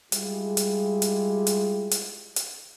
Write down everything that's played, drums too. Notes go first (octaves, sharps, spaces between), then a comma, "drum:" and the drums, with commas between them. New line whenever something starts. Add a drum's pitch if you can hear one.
G3 G#3 E4 F4 G4 G#4, drum: hi-hat
drum: hi-hat
drum: hi-hat
drum: hi-hat
drum: hi-hat
drum: hi-hat